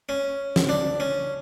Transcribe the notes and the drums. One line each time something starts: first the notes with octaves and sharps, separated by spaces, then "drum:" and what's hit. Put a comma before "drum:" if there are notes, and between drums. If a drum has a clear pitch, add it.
C#4
drum: snare
D4
C#4